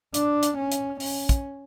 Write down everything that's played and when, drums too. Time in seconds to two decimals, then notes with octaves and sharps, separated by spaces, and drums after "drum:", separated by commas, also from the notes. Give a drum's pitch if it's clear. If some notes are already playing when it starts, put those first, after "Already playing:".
0.14 D4, drum: hi-hat
0.43 drum: hi-hat
0.57 C#4
0.72 drum: hi-hat
1.00 C#4, drum: open hi-hat
1.29 drum: kick, hi-hat